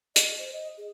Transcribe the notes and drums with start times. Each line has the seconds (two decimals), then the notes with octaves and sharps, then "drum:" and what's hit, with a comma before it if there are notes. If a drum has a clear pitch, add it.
0.16 D#5, drum: hi-hat
0.39 C5
0.53 D#5
0.78 G#4